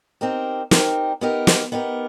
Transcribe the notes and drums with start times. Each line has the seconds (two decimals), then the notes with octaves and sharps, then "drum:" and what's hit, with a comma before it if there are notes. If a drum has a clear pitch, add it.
0.21 C4 D#4 G4 A#4
0.71 C4 D#4 G4 A#4, drum: snare
1.21 B3 D#4 G4 A#4
1.47 drum: snare
1.72 B3 D#4 G4 A#4